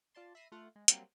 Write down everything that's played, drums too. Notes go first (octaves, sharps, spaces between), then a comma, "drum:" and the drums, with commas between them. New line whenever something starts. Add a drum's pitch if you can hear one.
F4 D5 A5 C6
E5 B5 A#6 C7 D#7
A3 F4 F#5
G#3
F#3 G3 A#3 C4, drum: hi-hat